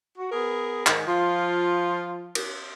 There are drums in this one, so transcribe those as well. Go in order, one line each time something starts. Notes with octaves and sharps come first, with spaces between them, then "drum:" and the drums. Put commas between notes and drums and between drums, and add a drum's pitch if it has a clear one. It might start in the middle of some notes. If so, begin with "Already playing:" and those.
F#4
B3 G#4 A#4
G#2 D#3, drum: clap
F3 F4
drum: cymbal